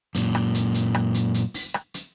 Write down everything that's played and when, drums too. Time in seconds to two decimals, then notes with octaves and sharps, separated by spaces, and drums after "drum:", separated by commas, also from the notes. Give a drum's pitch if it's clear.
0.15 F#2 A#2, drum: hi-hat
0.35 drum: rim click
0.55 drum: hi-hat
0.75 drum: hi-hat
0.94 drum: rim click
1.14 drum: hi-hat
1.34 drum: hi-hat
1.54 drum: open hi-hat
1.74 drum: rim click
1.94 drum: hi-hat